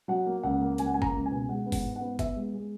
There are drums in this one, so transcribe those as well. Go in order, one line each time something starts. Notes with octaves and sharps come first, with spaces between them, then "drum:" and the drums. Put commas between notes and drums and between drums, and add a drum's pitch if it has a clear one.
F#3 F#5
A#3
C#2 F#5
A#3
C#2 G#5, drum: hi-hat
F#5
A#3 G#5
A#5, drum: kick G1
C#2
G#5
B2
G#3 F#5
B3
F#5, drum: kick G1, open hi-hat
G#2
F#5
B3
B3 E5, drum: kick G1, hi-hat
G#3
G#3